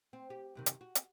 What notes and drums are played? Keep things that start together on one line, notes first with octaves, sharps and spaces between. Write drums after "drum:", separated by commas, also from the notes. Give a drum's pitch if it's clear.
C4
G4
F#2 C3 D#3
drum: hi-hat
F#4
drum: hi-hat